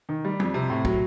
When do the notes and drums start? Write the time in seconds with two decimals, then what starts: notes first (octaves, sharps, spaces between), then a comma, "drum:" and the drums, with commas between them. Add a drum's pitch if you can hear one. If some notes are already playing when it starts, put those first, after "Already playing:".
0.09 D#3
0.25 G3
0.40 F2, drum: tom
0.54 C3
0.70 A2
0.85 F#3, drum: kick